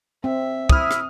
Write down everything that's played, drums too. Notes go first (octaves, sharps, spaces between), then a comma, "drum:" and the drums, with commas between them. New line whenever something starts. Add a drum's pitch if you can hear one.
C4 E5
E4 D#6 F6, drum: kick
drum: rim click